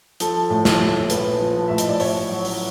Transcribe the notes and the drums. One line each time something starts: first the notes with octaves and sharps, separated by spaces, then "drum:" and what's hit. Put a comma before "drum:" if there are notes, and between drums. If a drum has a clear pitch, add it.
F3 A4, drum: hi-hat
A2
drum: snare
A2
A#1 B4, drum: hi-hat
F3
A2 E5
D#5, drum: hi-hat
D5
A1 C#5, drum: open hi-hat
F#3
drum: open hi-hat